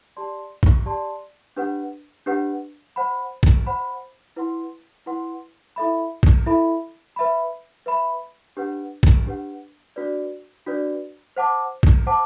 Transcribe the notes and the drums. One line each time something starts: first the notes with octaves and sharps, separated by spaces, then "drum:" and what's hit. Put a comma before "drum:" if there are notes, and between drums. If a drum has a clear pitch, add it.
G4 D5 A5 C6
drum: kick
G4 D5 A5 C6
D4 G4 B4 F#5
D4 G4 B4 F#5
C5 F#5 B5
drum: kick
C5 F#5 B5
E4 B4 F#5 C6
E4 B4 F#5 C6
E4 A4 E5 B5
drum: kick
E4 A4 E5 B5
B4 E5 B5
B4 E5 B5
D4 G4 B4 F#5
drum: kick
D4 G4 B4 F#5
D4 F#4 B4 D5
D4 F#4 B4 D5
C5 F#5 A5 D6
drum: kick
C5 F#5 A5 D6